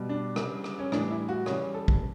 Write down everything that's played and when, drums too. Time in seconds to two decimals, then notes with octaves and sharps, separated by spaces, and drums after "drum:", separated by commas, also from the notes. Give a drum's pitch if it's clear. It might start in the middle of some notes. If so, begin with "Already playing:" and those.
Already playing: B2 G3
0.09 D4
0.36 C#3 G3, drum: rim click
0.64 drum: rim click
0.79 C#4
0.92 A2 E3 G3 D4, drum: rim click
1.10 E4
1.28 F#4
1.46 C#3 E3 G3 C#5, drum: rim click
1.74 A4
1.88 drum: kick